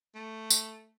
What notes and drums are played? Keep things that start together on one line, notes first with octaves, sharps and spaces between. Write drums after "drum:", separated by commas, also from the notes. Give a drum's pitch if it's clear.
A3
drum: tambourine